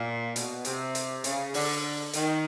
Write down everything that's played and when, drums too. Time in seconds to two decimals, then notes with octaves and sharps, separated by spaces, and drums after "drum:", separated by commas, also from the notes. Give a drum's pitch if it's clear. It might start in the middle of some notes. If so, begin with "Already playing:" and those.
Already playing: A#2
0.36 B2, drum: hi-hat
0.65 C3, drum: hi-hat
0.95 drum: hi-hat
1.24 C#3, drum: hi-hat
1.54 D3, drum: open hi-hat
2.13 D#3, drum: hi-hat